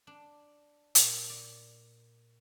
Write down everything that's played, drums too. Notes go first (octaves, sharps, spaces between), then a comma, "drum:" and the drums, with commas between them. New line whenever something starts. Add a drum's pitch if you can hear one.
D4
A#2, drum: hi-hat
D5